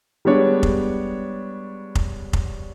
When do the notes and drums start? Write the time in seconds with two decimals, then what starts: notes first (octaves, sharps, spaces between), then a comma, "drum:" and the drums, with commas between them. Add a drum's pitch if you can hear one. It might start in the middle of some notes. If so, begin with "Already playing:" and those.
0.25 G3 G#3 B3 D4 C#5 D5
0.63 drum: kick F1
1.95 drum: kick F1
2.33 drum: kick F1